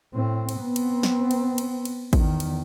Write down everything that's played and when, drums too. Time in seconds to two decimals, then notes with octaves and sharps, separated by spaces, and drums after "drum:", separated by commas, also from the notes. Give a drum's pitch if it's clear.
0.14 A2 C4
0.49 drum: cymbal
0.61 B3 C4
0.76 drum: cymbal
1.03 drum: snare
1.31 drum: cymbal
1.58 drum: cymbal
1.85 drum: cymbal
2.13 E2 D#3, drum: kick A1, cymbal
2.40 drum: cymbal